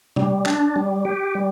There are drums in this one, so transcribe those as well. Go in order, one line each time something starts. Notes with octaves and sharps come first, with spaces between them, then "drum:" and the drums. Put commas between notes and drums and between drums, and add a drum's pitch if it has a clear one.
G3, drum: tom
D4, drum: clap
G3
G4
G3